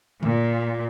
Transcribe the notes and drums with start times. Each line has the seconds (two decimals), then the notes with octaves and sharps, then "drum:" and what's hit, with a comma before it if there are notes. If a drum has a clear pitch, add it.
0.23 A#2, drum: tom D3